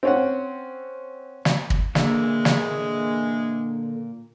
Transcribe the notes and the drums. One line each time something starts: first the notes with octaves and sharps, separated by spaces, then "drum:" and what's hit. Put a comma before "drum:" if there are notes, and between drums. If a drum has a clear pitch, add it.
C4 C#4 F#5
drum: snare
drum: kick
A#2 D3 E3 G#3 A#3 E5, drum: snare
drum: snare